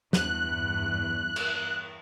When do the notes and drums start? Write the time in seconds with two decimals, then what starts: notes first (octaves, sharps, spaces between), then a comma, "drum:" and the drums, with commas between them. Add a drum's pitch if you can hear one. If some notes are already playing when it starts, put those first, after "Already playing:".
0.13 E2 G2 F#6, drum: snare
1.36 drum: cymbal